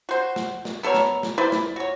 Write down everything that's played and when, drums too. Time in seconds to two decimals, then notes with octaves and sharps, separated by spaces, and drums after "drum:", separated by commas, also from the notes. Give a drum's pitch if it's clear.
0.09 F#4 C5
0.36 drum: snare
0.65 drum: snare
0.83 B3 A4 A#4 C#5
0.94 drum: snare
1.23 drum: snare
1.38 E4 B4 C5 D5
1.52 drum: snare
1.76 F#4 C#5